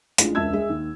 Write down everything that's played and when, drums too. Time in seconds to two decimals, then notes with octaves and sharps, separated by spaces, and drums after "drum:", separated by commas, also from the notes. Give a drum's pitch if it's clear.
0.18 A1 G#3 D4 F4, drum: hi-hat
0.35 E1 C#2 E5 A5 E6 G#6
0.53 G#3 E5
0.70 D#2